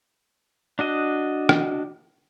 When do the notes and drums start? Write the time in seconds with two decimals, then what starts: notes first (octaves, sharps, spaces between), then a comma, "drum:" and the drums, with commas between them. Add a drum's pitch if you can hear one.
0.79 D4 F#4 D#5
1.49 drum: rim click